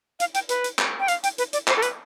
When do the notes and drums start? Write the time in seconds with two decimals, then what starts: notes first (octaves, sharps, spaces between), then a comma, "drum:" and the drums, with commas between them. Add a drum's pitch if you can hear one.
0.20 F5, drum: hi-hat
0.34 G5, drum: hi-hat
0.49 B4, drum: hi-hat
0.64 drum: hi-hat
0.79 drum: clap
1.00 G5
1.08 F5, drum: hi-hat
1.23 G5, drum: hi-hat
1.38 B4, drum: hi-hat
1.53 D5, drum: hi-hat
1.68 C5, drum: clap
1.77 A4
1.82 B4, drum: hi-hat